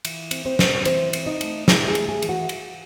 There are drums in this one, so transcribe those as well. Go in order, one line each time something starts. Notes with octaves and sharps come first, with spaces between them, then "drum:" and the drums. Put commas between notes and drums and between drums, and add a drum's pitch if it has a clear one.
E3, drum: cymbal
C4, drum: cymbal
C4 C5
C4, drum: snare
E3 C4 C5, drum: cymbal
C4, drum: cymbal
D#4 D#5
A3, drum: cymbal
A3 E4 E5, drum: snare
G#4 G#5
A3, drum: cymbal
G#4 G#5
E3, drum: cymbal
F#4 F#5
drum: cymbal